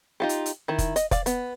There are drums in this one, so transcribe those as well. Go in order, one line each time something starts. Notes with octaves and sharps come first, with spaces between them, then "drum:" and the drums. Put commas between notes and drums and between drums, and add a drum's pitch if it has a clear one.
D#4 F4 G4
drum: hi-hat
drum: hi-hat
D#3 E4
drum: kick F1, hi-hat
D#5, drum: hi-hat
D5 F5, drum: kick F1, hi-hat
B3, drum: hi-hat